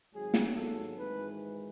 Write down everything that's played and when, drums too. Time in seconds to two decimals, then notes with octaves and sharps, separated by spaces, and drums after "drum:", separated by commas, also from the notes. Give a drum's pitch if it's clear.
0.13 G#1 G#2 F#3 G#4
0.34 drum: snare
0.55 A4
0.96 G#1 G#2 E3 B4